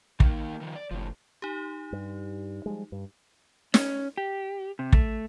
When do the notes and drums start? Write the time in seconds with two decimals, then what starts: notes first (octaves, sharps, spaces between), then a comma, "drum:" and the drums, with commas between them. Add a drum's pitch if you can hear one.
0.20 D#3 A#3, drum: kick
0.61 D#3 F3
0.76 D5
0.91 F#1 A2 F3
1.42 D#4 G4
1.92 G2
2.66 F3 G3 G#3
2.92 G2
3.74 C#4, drum: snare
4.17 G4
4.79 C3
4.93 A3, drum: kick